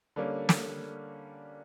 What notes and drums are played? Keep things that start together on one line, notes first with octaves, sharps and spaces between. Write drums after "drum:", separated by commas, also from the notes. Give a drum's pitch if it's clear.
D3 G3 A#3 C#4
drum: snare